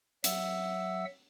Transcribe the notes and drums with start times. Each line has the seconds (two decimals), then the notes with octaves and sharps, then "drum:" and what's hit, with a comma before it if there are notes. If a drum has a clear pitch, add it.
0.24 F#3 E5 F#5 E6, drum: hi-hat